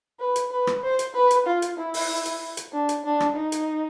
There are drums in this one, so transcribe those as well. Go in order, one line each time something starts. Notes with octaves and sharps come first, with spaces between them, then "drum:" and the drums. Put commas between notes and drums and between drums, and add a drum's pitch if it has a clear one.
B4
drum: hi-hat
B4
drum: rim click
C5
drum: hi-hat
B4
drum: hi-hat
F4
drum: hi-hat
E4
drum: open hi-hat
drum: hi-hat
drum: hi-hat
D4
drum: hi-hat
D4
drum: rim click
D#4
drum: hi-hat